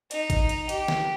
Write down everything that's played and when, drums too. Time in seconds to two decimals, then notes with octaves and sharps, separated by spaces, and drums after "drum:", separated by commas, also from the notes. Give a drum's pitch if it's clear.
0.11 D#4, drum: hi-hat
0.30 drum: kick G#1, hi-hat
0.49 drum: hi-hat
0.69 G4, drum: hi-hat
0.88 drum: snare